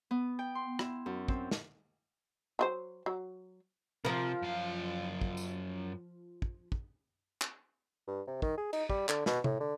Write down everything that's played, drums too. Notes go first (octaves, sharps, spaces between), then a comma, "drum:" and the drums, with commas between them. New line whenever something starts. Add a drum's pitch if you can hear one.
B3
G5
C6
E4, drum: rim click
F#2
C4, drum: kick
drum: snare
F#3 F4 C5
F#3
C3 F3 A#4
F#2 F5
drum: kick
drum: tambourine
drum: kick
drum: kick
drum: clap
G2
C3
D#3, drum: kick
G#4
D#4, drum: cymbal
G3, drum: kick
D3, drum: clap
B2, drum: snare
A2, drum: tom
D3